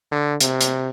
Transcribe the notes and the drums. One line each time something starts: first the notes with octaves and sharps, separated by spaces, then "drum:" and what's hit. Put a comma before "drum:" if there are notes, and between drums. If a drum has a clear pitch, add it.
D3
C3, drum: hi-hat
drum: hi-hat